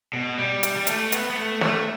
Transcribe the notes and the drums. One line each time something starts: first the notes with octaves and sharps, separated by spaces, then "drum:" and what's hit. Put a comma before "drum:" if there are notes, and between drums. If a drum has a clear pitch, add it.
B2
G3
drum: hi-hat
G3
A3, drum: hi-hat
B3, drum: hi-hat
B3
A3
A3, drum: snare